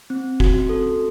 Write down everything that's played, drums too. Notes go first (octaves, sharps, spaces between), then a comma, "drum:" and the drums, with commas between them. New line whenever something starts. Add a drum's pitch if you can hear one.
C4
F#4, drum: kick F1
A4